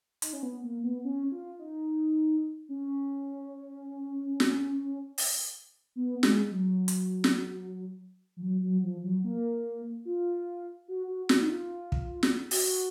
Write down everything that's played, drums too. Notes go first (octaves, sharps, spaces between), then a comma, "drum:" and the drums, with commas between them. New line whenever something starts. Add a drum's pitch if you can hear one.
D#4, drum: hi-hat
C#4
B3
A#3
B3
C#4
F4
D#4
C#4
drum: snare
drum: open hi-hat
B3
G#3, drum: snare
F#3
drum: hi-hat
drum: snare
F3
F#3
F#3
F3
F#3
A#3
F4
F#4
F#4
F#4, drum: snare
D#4
F4
drum: kick
drum: snare
F#4, drum: open hi-hat